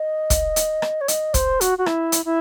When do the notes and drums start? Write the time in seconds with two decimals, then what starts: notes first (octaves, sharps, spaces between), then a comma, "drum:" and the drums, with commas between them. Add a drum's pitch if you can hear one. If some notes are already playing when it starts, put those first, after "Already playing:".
Already playing: D#5
0.30 drum: kick, hi-hat
0.56 drum: hi-hat
0.82 drum: rim click
1.01 C#5
1.08 D#5, drum: hi-hat
1.34 C5, drum: kick, hi-hat
1.61 F#4, drum: hi-hat
1.78 F#4
1.86 E4, drum: rim click
2.12 drum: hi-hat
2.25 E4